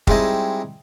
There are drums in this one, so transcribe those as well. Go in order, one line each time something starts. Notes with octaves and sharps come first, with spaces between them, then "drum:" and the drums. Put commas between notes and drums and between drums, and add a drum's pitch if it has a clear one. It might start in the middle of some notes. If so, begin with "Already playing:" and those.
G3 G#3 C4 D#4 E4 D#5, drum: kick